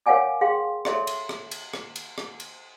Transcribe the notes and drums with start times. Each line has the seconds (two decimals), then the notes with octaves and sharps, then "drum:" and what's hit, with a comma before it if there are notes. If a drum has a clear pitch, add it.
0.06 A#4 C#5 F5 F#5 G#5 D6
0.41 G#4 F5 G5 C6
0.85 A4 C#5 E5 C6, drum: rim click
1.07 drum: cymbal
1.29 drum: rim click
1.51 drum: cymbal
1.74 drum: rim click
1.96 drum: cymbal
2.18 drum: rim click
2.40 drum: cymbal